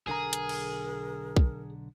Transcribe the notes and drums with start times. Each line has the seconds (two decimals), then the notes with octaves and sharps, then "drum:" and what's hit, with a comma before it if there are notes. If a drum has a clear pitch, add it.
0.07 B1 D3 G#4 A#4 A#5
0.33 drum: hi-hat
0.49 drum: cymbal
1.37 drum: kick B1